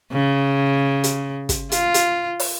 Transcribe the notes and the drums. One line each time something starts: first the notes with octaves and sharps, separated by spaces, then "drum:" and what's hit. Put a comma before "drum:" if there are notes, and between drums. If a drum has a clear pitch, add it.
C#3
drum: hi-hat
drum: kick, hi-hat
F4, drum: hi-hat
drum: hi-hat
drum: open hi-hat